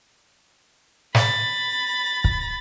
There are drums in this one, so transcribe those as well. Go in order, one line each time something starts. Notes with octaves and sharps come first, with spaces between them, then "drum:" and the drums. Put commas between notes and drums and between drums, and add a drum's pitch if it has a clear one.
B5 A6, drum: snare
drum: kick